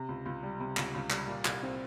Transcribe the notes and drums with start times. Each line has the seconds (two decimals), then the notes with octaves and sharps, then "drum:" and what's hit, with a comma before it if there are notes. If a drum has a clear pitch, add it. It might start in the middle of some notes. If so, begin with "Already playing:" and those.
Already playing: C3
0.09 C#2
0.26 C#2
0.43 G3
0.60 C3
0.77 C#2, drum: clap
0.95 C#2
1.10 G3, drum: clap
1.28 A#2
1.45 C2, drum: clap
1.63 C4